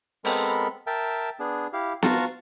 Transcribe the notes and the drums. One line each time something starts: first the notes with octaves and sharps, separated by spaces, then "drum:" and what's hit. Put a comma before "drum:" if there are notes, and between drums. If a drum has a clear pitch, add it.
G#3 B3 C4 A4 A#4 B5, drum: open hi-hat
A#4 E5 G5 A5
B3 D4 G#4
E4 G4 F5
F4 F#4 F5 A5 A#5 C#6, drum: snare B3